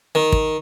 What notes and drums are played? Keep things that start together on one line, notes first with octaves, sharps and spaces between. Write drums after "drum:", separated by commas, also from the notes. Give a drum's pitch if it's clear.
D#3
drum: kick